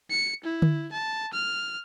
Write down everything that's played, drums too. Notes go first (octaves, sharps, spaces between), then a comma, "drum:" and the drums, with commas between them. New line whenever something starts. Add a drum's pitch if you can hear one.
C#7
E4
drum: tom D3
A5
F6